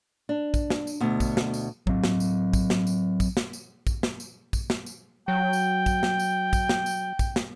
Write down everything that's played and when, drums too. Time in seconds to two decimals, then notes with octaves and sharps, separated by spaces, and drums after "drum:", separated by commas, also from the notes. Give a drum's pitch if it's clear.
0.29 D4
0.54 drum: kick, tambourine
0.70 drum: snare
0.87 drum: tambourine
1.00 D2 B2
1.20 drum: kick, tambourine
1.37 drum: snare
1.54 drum: tambourine
1.87 F#3 C4, drum: kick
2.04 drum: snare
2.20 drum: tambourine
2.53 drum: kick, tambourine
2.70 drum: snare
2.87 drum: tambourine
3.20 drum: kick, tambourine
3.37 drum: snare
3.53 drum: tambourine
3.87 drum: kick, tambourine
4.03 drum: snare
4.20 drum: tambourine
4.53 drum: kick, tambourine
4.70 drum: snare
4.86 drum: tambourine
5.28 F#3 G5
5.53 drum: tambourine
5.86 drum: kick, tambourine
6.03 drum: snare
6.20 drum: tambourine
6.53 drum: kick, tambourine
6.69 drum: snare
6.86 drum: tambourine
7.19 drum: kick, tambourine
7.36 drum: snare